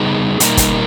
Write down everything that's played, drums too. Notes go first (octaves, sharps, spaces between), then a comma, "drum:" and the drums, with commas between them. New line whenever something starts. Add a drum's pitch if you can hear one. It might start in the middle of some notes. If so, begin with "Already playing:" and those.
Already playing: C#3 G3 B3 D#4 G#4
B2 G3 A#3 D#4 A#4, drum: hi-hat
drum: kick, hi-hat